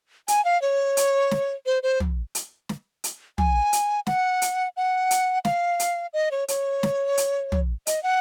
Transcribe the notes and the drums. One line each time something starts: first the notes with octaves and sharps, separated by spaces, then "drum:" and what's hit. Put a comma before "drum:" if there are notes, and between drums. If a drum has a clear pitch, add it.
G#5, drum: hi-hat
F5
C#5
drum: hi-hat
drum: snare
C5
C5
drum: tom
drum: hi-hat
drum: snare
drum: hi-hat
G#5, drum: tom
drum: hi-hat
F#5, drum: snare
drum: hi-hat
F#5
drum: hi-hat
F5, drum: snare
drum: hi-hat
D#5
C#5
C#5, drum: hi-hat
drum: snare
drum: hi-hat
drum: tom
D#5, drum: hi-hat
F#5